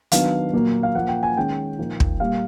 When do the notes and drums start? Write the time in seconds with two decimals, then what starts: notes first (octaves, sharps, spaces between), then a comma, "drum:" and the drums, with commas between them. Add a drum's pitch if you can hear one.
0.12 D#3 F#3 B3 D4 F5, drum: hi-hat
0.53 A#2 F#3 A#3
0.83 F5
0.95 A#2 F3 A#3 F#5
1.08 G5
1.23 G#5
1.37 D#3 G#3 C#4 G5
1.78 A#2 F3 A#3 D#4
2.00 drum: kick
2.20 A#2 G3 A#3 F5